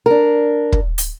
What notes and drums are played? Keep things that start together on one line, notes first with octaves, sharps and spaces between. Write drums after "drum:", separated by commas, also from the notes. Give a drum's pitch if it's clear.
D4 A#4
drum: kick
drum: hi-hat